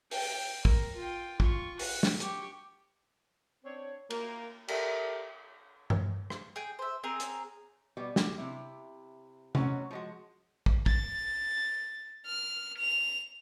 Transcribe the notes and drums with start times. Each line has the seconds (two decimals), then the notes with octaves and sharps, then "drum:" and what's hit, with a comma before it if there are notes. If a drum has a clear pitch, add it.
0.11 G5, drum: open hi-hat
0.65 A#4, drum: kick
0.96 F4 G5
1.40 F4 C#6, drum: kick
1.79 F#5, drum: open hi-hat
2.03 drum: snare
2.20 G4 C#6, drum: hi-hat
3.64 C4 D4 C#5
4.10 A#3, drum: cymbal
4.68 G4 A4 A#4 D5 E5, drum: cymbal
5.90 drum: tom G2
6.30 drum: rim click
6.56 G#4 G5
6.79 C5 E5
7.03 C4 G#4 A#4
7.20 drum: hi-hat
7.97 B2 G3 B3
8.16 G4, drum: snare
8.38 C3 E4
9.55 B2 F#3 C4 C#4 F#5, drum: tom C3
9.91 F3 G#3 F#4
10.66 drum: kick
10.86 A6, drum: kick
12.26 F6
12.78 F7